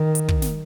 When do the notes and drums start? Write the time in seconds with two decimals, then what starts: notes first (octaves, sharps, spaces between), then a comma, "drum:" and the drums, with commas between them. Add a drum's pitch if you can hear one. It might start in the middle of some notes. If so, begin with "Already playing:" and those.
Already playing: D#3
0.15 drum: hi-hat
0.29 drum: kick
0.42 drum: snare